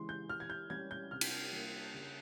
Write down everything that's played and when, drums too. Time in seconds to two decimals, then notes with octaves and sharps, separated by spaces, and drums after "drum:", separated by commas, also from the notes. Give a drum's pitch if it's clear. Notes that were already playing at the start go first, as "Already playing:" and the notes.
Already playing: C#3 E3 G#3 C6
0.09 G6
0.29 E3 F6
0.40 G#6
0.50 G6
0.70 G3 C#4 G#6
0.91 G6
1.11 C3 F6
1.21 drum: cymbal
1.52 G3 A#3
1.94 C#3